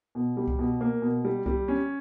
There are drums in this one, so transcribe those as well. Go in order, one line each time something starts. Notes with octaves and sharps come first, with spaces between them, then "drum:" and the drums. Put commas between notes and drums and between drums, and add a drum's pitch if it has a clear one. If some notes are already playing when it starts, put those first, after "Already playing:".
B2
G3
drum: kick C2
B2
A#3
B2
G3
G3, drum: kick C2
C#4